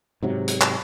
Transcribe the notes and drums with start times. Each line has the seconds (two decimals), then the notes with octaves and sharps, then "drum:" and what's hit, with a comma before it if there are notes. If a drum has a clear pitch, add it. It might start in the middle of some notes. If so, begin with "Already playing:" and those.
0.23 G#2 C3 F#3
0.48 drum: hi-hat
0.61 drum: clap